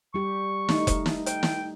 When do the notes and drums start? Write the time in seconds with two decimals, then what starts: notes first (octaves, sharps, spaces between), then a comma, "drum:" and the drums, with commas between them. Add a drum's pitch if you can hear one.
0.14 G3 G4 C#6
0.69 A3 D#4, drum: snare
0.87 drum: kick F1, hi-hat
1.06 drum: snare
1.26 G5, drum: hi-hat
1.43 drum: snare